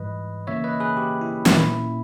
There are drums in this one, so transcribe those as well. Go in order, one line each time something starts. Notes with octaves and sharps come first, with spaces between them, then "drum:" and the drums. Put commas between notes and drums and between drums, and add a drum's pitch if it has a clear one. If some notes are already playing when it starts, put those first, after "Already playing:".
Already playing: G#2 E3 G3 B4 D#5
C#3 E3 A#3 C#4 C#5 E5
B4 D#5
G#4 B4
G4
E4
A#2 A#3 C#4 E4, drum: snare